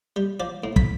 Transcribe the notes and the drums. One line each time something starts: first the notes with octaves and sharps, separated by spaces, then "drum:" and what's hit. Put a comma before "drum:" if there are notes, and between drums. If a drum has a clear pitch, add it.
G3
F3 D5
A2
B5, drum: kick